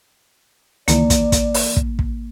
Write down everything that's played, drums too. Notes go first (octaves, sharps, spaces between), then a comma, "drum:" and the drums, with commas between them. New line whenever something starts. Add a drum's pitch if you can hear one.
C#2 D#3 E3 A#3 D5, drum: hi-hat
drum: kick, hi-hat
drum: kick, hi-hat
drum: open hi-hat
drum: kick
drum: kick